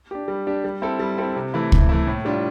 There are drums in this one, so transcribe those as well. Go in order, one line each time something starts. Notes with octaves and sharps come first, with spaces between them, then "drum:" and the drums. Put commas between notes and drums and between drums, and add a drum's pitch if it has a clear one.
D4 G4
G3
D4 G4
G3
C4 E4 A4
G3
C4 E4 A4
C3
E3 A3 E4
C3, drum: kick
E3 A3 E4
A2
G3 D4 F4